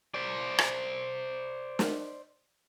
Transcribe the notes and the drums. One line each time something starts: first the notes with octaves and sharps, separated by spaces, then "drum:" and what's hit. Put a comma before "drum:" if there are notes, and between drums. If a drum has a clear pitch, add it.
C5 D5
drum: rim click
drum: snare